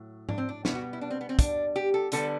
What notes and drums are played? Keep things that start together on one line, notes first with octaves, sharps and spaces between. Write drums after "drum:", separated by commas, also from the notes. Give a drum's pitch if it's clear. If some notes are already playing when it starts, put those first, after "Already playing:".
Already playing: A2 F#3
D4, drum: tom G#2
C4
D4
B2 G3 B3 E4, drum: snare
F#4
E4
D4
C4
B3
C4
D4, drum: kick, hi-hat
G4
A4
D3 G3 B3 A4, drum: hi-hat